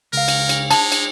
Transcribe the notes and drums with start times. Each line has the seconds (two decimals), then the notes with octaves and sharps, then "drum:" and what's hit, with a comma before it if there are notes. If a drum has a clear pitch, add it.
0.13 C#2 A#4 F5
0.28 drum: cymbal
0.49 drum: cymbal
0.71 G#3 A5, drum: cymbal
0.92 drum: cymbal